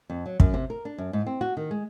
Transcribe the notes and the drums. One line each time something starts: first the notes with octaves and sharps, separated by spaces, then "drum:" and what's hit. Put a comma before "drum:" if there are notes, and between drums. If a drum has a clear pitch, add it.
F2
F#3
F#2, drum: kick
C3
A#4
D4
F#2
G#2
C4
F#4
D#3
G#3